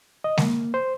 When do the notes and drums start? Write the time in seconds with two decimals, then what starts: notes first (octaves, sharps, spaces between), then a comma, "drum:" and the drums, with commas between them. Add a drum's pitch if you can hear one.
0.24 D#5
0.37 A#3, drum: snare G#3
0.74 C5